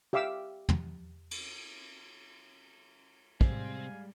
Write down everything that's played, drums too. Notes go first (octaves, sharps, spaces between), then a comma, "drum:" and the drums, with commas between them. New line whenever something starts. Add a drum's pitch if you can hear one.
G4 E5 F5 D6 E6
drum: tom
drum: cymbal
C3 G3 G#3 C4 F5 G#5, drum: kick